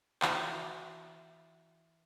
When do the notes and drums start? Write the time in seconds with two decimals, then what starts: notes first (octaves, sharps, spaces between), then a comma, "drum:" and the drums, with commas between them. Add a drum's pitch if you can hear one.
0.22 E3 F#4 A#5, drum: clap